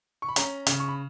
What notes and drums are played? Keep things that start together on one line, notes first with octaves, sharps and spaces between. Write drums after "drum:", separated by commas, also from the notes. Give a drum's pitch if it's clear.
C#6
B5
C#4 A#5, drum: hi-hat
C#3, drum: hi-hat
C#6
B5